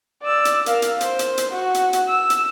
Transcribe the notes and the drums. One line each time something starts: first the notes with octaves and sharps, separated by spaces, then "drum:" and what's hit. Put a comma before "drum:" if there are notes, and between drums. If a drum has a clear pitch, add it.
D5 E6
drum: hi-hat
A#4 F5, drum: hi-hat
drum: hi-hat
C5, drum: hi-hat
drum: hi-hat
drum: hi-hat
F#4
drum: hi-hat
drum: hi-hat
E6
drum: hi-hat